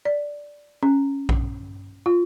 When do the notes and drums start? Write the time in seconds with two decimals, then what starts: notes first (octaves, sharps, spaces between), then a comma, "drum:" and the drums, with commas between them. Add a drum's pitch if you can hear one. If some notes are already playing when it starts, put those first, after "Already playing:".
0.05 D5
0.83 C#4
1.29 drum: kick A#1
2.06 F4